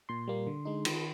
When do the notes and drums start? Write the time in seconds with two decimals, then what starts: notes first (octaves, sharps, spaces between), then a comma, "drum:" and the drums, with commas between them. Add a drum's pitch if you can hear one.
0.09 A#2 C6
0.27 G3 A#3
0.47 D3
0.65 G#3 D#4
0.85 D#3, drum: cymbal